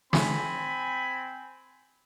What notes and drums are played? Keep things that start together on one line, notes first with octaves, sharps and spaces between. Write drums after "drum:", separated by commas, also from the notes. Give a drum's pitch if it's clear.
C4 G#5 B5, drum: snare